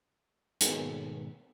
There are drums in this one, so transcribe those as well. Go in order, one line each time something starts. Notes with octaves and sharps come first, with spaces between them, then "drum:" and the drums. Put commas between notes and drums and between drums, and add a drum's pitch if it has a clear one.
G#2 B2 D#3 G#3 A3, drum: hi-hat